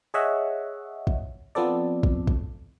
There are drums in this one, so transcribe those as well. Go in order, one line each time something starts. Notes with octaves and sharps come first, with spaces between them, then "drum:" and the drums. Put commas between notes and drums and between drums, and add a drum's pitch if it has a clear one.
G#4 C#5 D#5 E5 F#5
drum: kick
F3 B3 C4 A4 D5
drum: kick
drum: kick